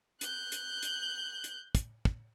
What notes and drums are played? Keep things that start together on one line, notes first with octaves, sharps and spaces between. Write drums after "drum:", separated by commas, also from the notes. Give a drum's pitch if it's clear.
F#6 G6, drum: hi-hat
drum: hi-hat
drum: hi-hat
drum: hi-hat
drum: kick, hi-hat
drum: kick